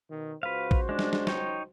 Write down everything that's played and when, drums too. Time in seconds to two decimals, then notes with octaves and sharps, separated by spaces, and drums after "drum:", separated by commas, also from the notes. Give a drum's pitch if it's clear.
0.10 B2 D#3
0.43 C#2 F#4 B4 C5 F5
0.71 drum: kick
0.89 G#3 D4
0.99 drum: snare
1.13 drum: snare
1.27 D#4 C#5 G5, drum: snare